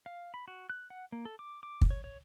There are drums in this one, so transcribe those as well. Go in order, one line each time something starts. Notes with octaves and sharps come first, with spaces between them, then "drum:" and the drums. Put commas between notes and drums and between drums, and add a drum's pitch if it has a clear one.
F5
B5
F#4
F#6
F#5
A#3
A4
D6
D6
drum: kick
C#5
C#5